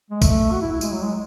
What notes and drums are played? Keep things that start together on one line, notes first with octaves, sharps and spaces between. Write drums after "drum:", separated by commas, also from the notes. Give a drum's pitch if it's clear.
G#3
A3, drum: kick, tambourine
F#4
E4
E4
G#3, drum: tambourine
F#3
G#3